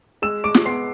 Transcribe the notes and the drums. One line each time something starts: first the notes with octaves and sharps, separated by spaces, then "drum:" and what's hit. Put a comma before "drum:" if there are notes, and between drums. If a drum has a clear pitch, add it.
G#3 E6 E7
G#3 D6 D7
drum: snare
B3 C6 C7